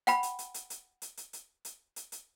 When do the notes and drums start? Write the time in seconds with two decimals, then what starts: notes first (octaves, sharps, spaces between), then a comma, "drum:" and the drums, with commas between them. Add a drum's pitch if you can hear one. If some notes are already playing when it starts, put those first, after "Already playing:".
0.07 F#5 G5 B5, drum: hi-hat
0.23 drum: hi-hat
0.39 drum: hi-hat
0.54 drum: hi-hat
0.70 drum: hi-hat
1.02 drum: hi-hat
1.17 drum: hi-hat
1.33 drum: hi-hat
1.65 drum: hi-hat
1.96 drum: hi-hat
2.12 drum: hi-hat